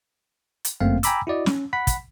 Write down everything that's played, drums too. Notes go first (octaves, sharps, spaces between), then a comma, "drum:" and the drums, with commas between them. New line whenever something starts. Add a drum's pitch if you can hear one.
drum: hi-hat
G1 F#2 A3 A#3 C4 F5
G5 G#5 A#5 B5 D6 E6, drum: hi-hat
E4 F#4 D5 D#5
C#4, drum: snare
F#5 B5 B6
drum: kick, hi-hat